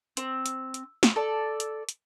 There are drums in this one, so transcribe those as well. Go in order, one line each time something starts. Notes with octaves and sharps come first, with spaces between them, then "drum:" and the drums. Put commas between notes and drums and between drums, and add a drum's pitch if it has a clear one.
C4, drum: hi-hat
drum: hi-hat
drum: hi-hat
drum: snare
A4 D5
drum: hi-hat
drum: hi-hat